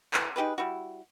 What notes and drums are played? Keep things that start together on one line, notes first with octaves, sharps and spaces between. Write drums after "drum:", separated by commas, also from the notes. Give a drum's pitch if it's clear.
E3, drum: clap
D#4 G4 G#4 B4
G3 E4 F#4